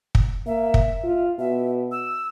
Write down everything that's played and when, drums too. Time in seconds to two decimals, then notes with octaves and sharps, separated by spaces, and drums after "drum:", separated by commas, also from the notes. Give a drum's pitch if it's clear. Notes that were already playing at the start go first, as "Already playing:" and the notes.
0.15 drum: kick
0.47 A#3 E5
0.74 drum: kick
1.04 F4
1.39 B2 E5
1.92 E6